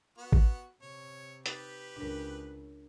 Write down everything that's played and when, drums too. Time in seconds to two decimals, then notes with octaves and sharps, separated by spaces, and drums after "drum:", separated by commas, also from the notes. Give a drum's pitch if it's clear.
0.18 B3 F#4
0.32 drum: kick A1
0.82 C3 C#5
1.46 D#4 G4 B4 A6, drum: hi-hat
1.96 C#2 D4 A#4